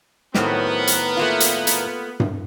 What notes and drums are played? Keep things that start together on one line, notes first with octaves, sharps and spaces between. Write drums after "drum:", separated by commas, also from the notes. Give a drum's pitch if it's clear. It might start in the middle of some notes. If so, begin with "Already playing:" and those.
A2 D#3 F#3 B3 C4 G4 A#4 B4, drum: snare
drum: hi-hat
A3 A#3 F4
drum: hi-hat
drum: hi-hat
drum: tom G2